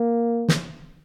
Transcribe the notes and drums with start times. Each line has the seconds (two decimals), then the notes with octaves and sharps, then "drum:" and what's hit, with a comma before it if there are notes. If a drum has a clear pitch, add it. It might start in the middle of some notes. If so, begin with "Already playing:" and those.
Already playing: A#3
0.49 drum: snare